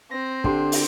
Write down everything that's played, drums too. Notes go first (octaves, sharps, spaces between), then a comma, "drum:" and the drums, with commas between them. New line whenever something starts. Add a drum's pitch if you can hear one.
C4 A#6
D3 D4 G4 C6, drum: kick
drum: open hi-hat